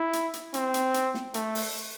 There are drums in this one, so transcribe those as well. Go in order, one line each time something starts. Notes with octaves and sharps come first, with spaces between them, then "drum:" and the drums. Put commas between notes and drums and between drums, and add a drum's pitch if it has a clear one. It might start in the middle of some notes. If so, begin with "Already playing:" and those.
Already playing: E4
drum: hi-hat
drum: hi-hat
C4, drum: hi-hat
drum: hi-hat
drum: hi-hat
drum: snare
A3, drum: hi-hat
drum: open hi-hat